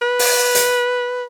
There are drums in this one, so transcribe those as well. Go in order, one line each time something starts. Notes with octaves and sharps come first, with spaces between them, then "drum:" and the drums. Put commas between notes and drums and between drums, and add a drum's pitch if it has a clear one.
B4
drum: open hi-hat
drum: hi-hat